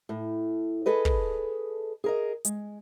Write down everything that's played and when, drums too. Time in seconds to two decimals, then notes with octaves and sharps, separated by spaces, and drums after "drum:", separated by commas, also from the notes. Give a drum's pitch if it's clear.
0.09 A2
0.86 G#4 A4 B4 D#5
1.05 drum: kick
2.04 G#4 A#4 D#5
2.45 G#3, drum: hi-hat